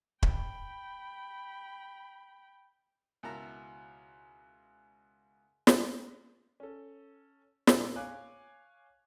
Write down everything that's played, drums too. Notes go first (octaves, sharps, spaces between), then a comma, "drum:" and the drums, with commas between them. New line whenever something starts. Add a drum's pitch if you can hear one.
G5 B5, drum: kick
C#2 B2 E4 A#4 A5 A#5
drum: snare
C#4 A4
A#2 A#3 D#4 E6, drum: snare
C#5 F5 G#5 D6 F#6